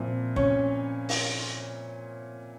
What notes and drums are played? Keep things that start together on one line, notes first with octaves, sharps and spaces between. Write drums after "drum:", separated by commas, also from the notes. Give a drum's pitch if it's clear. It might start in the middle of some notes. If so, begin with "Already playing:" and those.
Already playing: A#2 F3 C4 E4
C#4 C#5, drum: kick
drum: open hi-hat